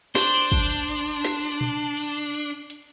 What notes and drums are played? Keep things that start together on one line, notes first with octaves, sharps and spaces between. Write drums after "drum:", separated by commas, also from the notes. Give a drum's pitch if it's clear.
D4 C5, drum: snare
drum: kick
drum: hi-hat
drum: snare
drum: tom A#2
drum: hi-hat
drum: hi-hat
drum: hi-hat